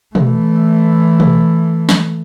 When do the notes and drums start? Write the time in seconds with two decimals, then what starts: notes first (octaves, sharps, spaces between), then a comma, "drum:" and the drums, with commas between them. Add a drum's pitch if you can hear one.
0.15 E3 A3, drum: tom B2
1.20 drum: tom B2
1.89 drum: snare